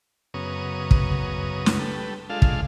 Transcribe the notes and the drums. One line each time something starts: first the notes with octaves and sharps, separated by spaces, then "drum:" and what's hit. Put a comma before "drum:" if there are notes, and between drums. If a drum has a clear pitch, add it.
F#2 C#3 B3 A#5 C#6 D#6
drum: kick
drum: snare
G4 A4 B4
G#3 D4 F4 A4 F5
drum: kick